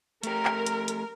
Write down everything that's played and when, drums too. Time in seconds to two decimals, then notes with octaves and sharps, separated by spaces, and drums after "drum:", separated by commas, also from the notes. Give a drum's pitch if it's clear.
0.23 A3 G4 A#4, drum: hi-hat
0.45 drum: clap
0.66 drum: hi-hat
0.88 drum: hi-hat